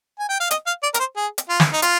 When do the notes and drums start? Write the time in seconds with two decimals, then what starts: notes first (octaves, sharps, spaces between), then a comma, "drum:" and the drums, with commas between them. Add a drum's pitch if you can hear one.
0.19 G#5
0.29 G5
0.40 F5
0.51 D#5, drum: hi-hat
0.67 F5
0.83 D5
0.94 A#4, drum: hi-hat
0.99 C5
1.16 G#4
1.38 drum: hi-hat
1.49 F4
1.60 drum: snare
1.73 D#4
1.82 F4, drum: hi-hat